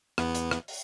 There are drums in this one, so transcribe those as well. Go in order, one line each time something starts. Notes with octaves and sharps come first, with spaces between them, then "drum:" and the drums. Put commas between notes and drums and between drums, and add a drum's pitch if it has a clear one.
E2 B3, drum: rim click
drum: hi-hat
drum: rim click
drum: open hi-hat